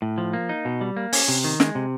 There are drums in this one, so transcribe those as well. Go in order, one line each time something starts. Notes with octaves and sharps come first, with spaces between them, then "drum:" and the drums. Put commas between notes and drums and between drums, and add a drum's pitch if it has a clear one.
A2
F3
A#3
D#4
B2
G3
A#3
C#4, drum: open hi-hat
C3
D#3
G#3, drum: snare
C3